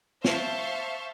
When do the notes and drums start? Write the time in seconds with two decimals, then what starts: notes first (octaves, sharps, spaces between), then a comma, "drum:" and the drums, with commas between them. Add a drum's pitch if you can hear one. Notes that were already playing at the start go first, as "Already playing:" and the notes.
0.24 C5 E5 F5 A5 C#6, drum: snare